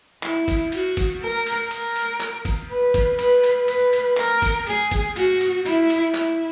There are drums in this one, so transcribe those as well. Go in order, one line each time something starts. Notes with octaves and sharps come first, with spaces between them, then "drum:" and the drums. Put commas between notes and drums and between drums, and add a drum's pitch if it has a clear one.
E4, drum: clap
drum: kick, cymbal
F#4, drum: cymbal
drum: kick, cymbal
A#4
drum: cymbal
A#4, drum: cymbal
drum: cymbal
drum: clap
drum: kick, cymbal
B4
drum: kick, cymbal
B4, drum: cymbal
drum: cymbal
B4, drum: cymbal
drum: cymbal
A#4, drum: clap
drum: kick, cymbal
G#4, drum: cymbal
drum: kick, cymbal
F#4, drum: cymbal
drum: cymbal
E4, drum: cymbal
drum: cymbal
E4, drum: clap